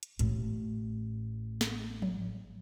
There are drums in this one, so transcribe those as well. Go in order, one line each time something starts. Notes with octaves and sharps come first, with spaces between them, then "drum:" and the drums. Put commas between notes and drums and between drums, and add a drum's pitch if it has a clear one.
drum: hi-hat
A1 A2, drum: hi-hat
drum: snare
drum: tom F3